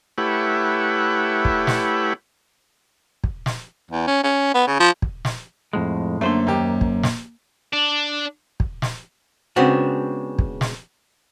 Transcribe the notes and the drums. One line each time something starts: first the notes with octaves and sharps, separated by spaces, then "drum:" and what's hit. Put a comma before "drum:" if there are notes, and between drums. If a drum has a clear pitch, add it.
A3 E4 G4 B4 C#5 F#5
drum: kick
drum: snare
drum: kick
drum: snare
E2
C#4
C#4
B3
C#3
F3
drum: kick
drum: snare
F2 A2 G#3
F#2 D3 A3 A#3 C5 C6
D#2 G4
drum: kick
drum: snare
D4
drum: kick
drum: snare
C#3 G#3 B3 C4 D4 F#4
drum: kick
drum: snare